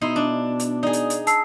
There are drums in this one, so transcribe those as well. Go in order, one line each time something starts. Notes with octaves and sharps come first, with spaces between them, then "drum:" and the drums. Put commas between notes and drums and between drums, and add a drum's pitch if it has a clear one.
B2 D#4 E4 C6
D4
drum: hi-hat
D#4 G#4 D5
drum: hi-hat
drum: hi-hat
A5 E6 C7, drum: hi-hat